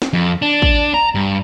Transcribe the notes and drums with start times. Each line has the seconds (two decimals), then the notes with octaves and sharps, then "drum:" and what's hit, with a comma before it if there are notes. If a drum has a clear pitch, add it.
0.02 drum: snare
0.13 F2
0.42 D4
0.62 drum: kick
0.94 A#5
1.15 G2